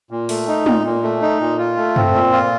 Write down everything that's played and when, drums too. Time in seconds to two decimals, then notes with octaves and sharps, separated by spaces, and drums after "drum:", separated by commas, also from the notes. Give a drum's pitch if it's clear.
0.11 A#2
0.29 A3, drum: open hi-hat
0.48 D#4
0.66 A#2, drum: tom
0.84 A#2
1.03 A3
1.22 D#4
1.41 A#2
1.58 F4
1.77 A3
1.96 C4, drum: tom F#2
2.14 A#2
2.32 F4